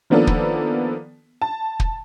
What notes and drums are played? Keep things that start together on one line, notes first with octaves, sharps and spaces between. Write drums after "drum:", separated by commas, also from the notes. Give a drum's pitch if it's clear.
D#3 F3 A#3 B3 D4 A4
drum: kick
A5
drum: kick